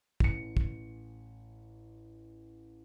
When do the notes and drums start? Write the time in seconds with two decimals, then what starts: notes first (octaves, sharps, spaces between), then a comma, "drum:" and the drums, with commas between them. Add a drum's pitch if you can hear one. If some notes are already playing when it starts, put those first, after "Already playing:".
0.20 A1 C#7, drum: kick
0.57 drum: kick